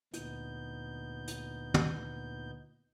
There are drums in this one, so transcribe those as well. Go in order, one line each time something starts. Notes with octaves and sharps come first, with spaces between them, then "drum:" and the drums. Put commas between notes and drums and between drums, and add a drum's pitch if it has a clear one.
D2 A#2 B3 D#4 G6, drum: hi-hat
drum: hi-hat
drum: tom